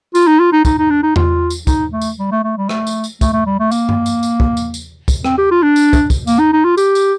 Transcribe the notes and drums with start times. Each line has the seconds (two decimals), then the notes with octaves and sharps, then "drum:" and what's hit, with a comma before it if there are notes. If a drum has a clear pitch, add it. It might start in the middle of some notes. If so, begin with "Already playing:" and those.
0.15 F4, drum: tambourine
0.27 D#4
0.40 F4
0.53 D#4
0.65 D#4, drum: kick, tambourine
0.79 D#4
0.91 D4
1.03 D#4
1.16 F4, drum: tom E2
1.50 drum: tambourine
1.67 D#4, drum: kick, tambourine
1.92 A3
2.02 drum: tambourine
2.19 G3
2.32 A3
2.44 A3
2.57 G3
2.69 A3, drum: rim click
2.87 drum: tambourine
3.04 drum: tambourine
3.21 A3, drum: kick, tambourine
3.33 A3
3.46 G3
3.60 A3
3.71 A#3, drum: tambourine
3.89 drum: tom G2
4.06 drum: tambourine
4.23 drum: tambourine
4.40 drum: kick
4.57 drum: tambourine
4.74 drum: tambourine
5.08 drum: kick, tambourine
5.25 C4, drum: rim click
5.38 G4
5.51 F4
5.63 D4
5.76 drum: tambourine
5.93 drum: kick, tambourine
6.10 drum: kick, tambourine
6.27 A#3, drum: tambourine
6.39 D#4
6.53 D#4
6.65 F4
6.78 G4, drum: tambourine
6.95 drum: tambourine